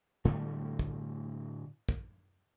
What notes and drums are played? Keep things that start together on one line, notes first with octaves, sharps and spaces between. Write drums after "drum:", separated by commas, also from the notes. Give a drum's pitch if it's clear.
A2 D3 G3 A3
drum: kick
drum: kick